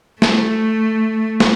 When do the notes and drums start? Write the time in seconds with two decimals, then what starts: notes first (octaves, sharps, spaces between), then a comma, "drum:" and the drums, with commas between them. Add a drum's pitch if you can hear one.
0.22 A3, drum: snare
1.40 drum: snare